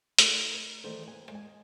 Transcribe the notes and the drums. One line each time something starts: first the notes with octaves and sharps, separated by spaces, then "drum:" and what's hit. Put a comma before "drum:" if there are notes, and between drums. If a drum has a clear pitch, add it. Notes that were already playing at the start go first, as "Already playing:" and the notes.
A3 D#4 F#4 A#4, drum: hi-hat
B4
D#3 E3 G3 A3 G#4 C5
D#2 G#5
G#3 G#5